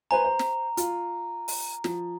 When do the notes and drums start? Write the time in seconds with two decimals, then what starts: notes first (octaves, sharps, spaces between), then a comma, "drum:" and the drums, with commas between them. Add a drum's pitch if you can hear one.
0.11 B4 C5 G#5 A#5
0.25 C5
0.39 drum: snare
0.77 F4, drum: hi-hat
1.48 drum: open hi-hat
1.84 F3, drum: snare